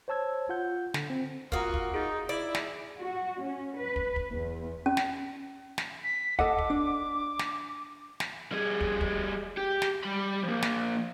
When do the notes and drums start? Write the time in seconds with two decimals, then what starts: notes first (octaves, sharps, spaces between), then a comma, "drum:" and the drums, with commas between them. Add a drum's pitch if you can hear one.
0.08 C5 C#5 A5 E6 G#6
0.49 F4 F#5 G6
0.94 D3, drum: snare
1.10 C4
1.52 A#3 F4 F#4 A#5 D#6 F6, drum: kick
1.74 drum: kick
1.94 D#4 G#4 A6
2.29 E4 D5
2.55 drum: snare
2.99 F#4
3.43 C#4
3.78 B4
3.96 drum: kick
4.16 drum: kick
4.30 E2
4.86 C#4
4.97 drum: snare
5.78 drum: snare
6.04 B6
6.39 A4 D#5 F#5 D6, drum: kick
6.58 drum: kick
6.70 D4
7.39 drum: snare
8.20 drum: snare
8.52 G3 G#4
8.81 drum: kick
9.01 drum: kick
9.57 G4
9.82 drum: snare
10.04 G3 B5
10.43 F3 A#3
10.62 drum: snare